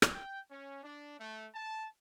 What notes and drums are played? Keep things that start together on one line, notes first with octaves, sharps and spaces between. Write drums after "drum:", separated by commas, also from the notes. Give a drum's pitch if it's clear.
drum: rim click
G5
C#4
D4
A3
A5